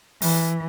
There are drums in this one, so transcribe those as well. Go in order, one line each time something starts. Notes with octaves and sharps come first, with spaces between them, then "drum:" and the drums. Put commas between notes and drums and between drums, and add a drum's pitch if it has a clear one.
E3, drum: open hi-hat